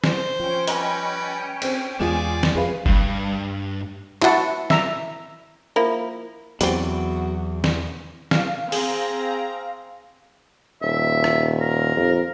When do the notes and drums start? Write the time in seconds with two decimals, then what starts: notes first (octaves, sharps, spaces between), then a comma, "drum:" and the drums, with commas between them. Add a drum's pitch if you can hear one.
0.04 C5, drum: snare
0.40 F3 C#4 G5
0.67 G3 B4 D#5 G#5, drum: hi-hat
1.62 C4, drum: cymbal
2.00 E2 G#3 B3 F4 G#4 D5 G#5 E7
2.43 drum: snare
2.55 F2 F3 G#4 B4 F5
2.86 G2, drum: kick F#1
4.22 E4 F#4 F#5 A5, drum: clap
4.70 E5 A#5, drum: snare
5.76 F3 A#3 E4
6.61 E2 E3 F#3 C4 F#4 D5, drum: hi-hat
7.64 drum: snare
8.31 F5, drum: snare
8.72 C4 G#4 A#5, drum: open hi-hat
10.82 D#1 E5
11.24 drum: rim click
11.60 A#4
11.96 F2